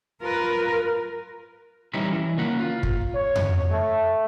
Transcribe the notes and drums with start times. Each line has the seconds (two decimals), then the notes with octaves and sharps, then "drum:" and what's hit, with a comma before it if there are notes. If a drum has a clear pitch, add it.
0.22 F4 A#4 B4
1.93 E3 G3 C#4 D#4 E4 B4
2.13 E3
2.37 C#3 A#3 F#5
2.59 F4
2.83 drum: kick
3.15 C#5
3.35 drum: tom F2
3.71 A3